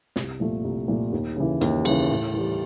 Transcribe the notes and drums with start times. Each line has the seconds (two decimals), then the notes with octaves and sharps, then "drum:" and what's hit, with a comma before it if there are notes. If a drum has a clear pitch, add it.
0.16 C2, drum: snare
0.40 A#2 F3 A3
0.64 C2
0.88 A#2 F3 A3
1.12 D#2
1.36 C#3 E3
1.61 D#2, drum: hi-hat
1.85 C#3 E3, drum: cymbal
2.10 A2
2.34 E3 G3